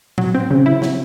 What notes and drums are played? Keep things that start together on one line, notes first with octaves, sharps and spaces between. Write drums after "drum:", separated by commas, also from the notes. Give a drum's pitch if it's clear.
F#3, drum: tom A2
C4
C#3
E4
F#3, drum: snare